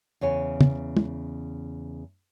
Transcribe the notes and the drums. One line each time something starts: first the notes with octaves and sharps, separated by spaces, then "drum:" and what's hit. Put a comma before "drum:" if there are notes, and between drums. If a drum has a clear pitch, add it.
E2 C#3 C#5 G#5
drum: tom
drum: tom